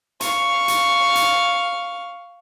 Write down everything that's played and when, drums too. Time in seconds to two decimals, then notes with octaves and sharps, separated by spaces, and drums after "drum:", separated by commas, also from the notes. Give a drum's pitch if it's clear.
0.21 F5 C#6, drum: hi-hat
0.68 drum: hi-hat
1.15 drum: hi-hat